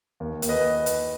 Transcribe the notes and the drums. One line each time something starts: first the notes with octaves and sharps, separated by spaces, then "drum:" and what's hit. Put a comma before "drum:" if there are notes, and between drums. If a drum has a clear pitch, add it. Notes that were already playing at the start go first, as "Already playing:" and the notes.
D#2
D#2, drum: hi-hat
B4 D#5
drum: hi-hat